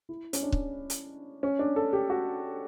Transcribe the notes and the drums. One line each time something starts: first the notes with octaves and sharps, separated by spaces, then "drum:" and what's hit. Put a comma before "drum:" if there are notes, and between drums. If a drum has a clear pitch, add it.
E4
C#4, drum: hi-hat
D4
drum: kick C#1
drum: hi-hat
C#4
D4
A4
G4
F#4